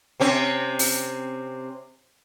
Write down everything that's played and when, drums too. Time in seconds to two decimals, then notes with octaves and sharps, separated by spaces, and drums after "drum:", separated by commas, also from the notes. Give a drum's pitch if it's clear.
0.20 C3 C4 C#4
0.79 drum: open hi-hat